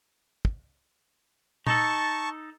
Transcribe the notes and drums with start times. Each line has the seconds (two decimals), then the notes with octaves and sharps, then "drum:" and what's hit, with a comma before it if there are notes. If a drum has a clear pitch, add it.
0.45 drum: kick
1.67 D#4 A4 A5 C#6, drum: tom A#2